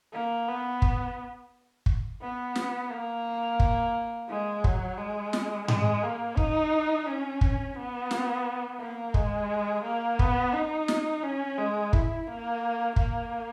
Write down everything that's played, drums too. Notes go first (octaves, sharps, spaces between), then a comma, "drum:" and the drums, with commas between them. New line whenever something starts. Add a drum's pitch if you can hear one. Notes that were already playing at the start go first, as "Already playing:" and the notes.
A#3
B3
drum: kick
drum: kick
B3
drum: snare
A#3
drum: kick
G#3
F#3, drum: kick
G#3
drum: snare
G#3, drum: tom G#2
A#3
D#4, drum: kick
C#4
drum: kick
B3
drum: snare
A#3
G#3, drum: kick
A#3
B3, drum: kick
D#4
drum: snare
C#4
G#3
E4, drum: kick
A#3
A#3, drum: kick